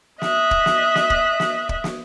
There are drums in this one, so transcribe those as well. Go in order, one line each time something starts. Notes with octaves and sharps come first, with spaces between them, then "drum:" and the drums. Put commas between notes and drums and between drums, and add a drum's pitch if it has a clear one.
D#5 E5 F#6, drum: snare
drum: kick
drum: snare
drum: snare
drum: kick
drum: snare
drum: kick
drum: snare